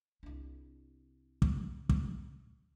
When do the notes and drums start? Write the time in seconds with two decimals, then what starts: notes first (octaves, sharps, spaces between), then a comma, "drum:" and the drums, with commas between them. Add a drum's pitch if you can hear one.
0.23 C2 D4
1.42 drum: kick
1.89 drum: kick